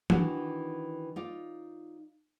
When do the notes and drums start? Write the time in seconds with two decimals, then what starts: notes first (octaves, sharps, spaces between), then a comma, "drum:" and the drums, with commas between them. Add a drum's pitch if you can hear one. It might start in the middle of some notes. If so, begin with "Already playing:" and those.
0.10 D#3 E3 D4 F#4, drum: tom E3
1.16 D#4 F4 D5